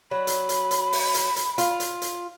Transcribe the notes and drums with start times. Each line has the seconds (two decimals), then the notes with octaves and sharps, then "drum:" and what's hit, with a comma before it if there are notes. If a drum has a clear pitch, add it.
0.11 F#3 B5
0.27 drum: hi-hat
0.49 drum: hi-hat
0.71 drum: hi-hat
0.93 drum: open hi-hat
1.14 drum: hi-hat
1.36 drum: hi-hat
1.58 F4, drum: hi-hat
1.80 drum: hi-hat
2.02 drum: hi-hat